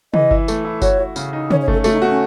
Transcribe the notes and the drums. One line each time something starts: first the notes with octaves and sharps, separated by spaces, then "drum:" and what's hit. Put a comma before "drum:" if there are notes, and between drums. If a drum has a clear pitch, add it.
E3 D#5, drum: tom
E4, drum: kick G1
A3, drum: tambourine
E4
F#4 C#5, drum: kick G1, tambourine
F#4
C#3, drum: tambourine
D#4
C#4 C#5, drum: tom
C#5
A3 A4, drum: kick G1
A3 F#4, drum: tambourine
D#4
B3 F#4
C#4